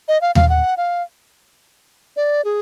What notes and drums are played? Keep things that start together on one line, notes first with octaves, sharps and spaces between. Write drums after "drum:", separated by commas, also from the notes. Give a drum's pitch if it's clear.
D#5
F5
F5, drum: tom D#2
F#5
F5
D5
G#4